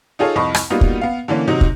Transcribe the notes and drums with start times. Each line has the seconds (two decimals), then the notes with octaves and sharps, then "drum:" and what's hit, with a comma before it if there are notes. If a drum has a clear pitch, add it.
0.19 D#4 F4 G#4 A4 C#5 F5
0.36 C2 F2 D#5 B5 C#6
0.55 drum: rim click
0.70 G3 A#3 B3 D#4 F4 F#4
0.81 drum: kick
1.01 B3 F5
1.28 D3 E3 A#3 C#4
1.48 C3 F#3 D#4
1.61 drum: kick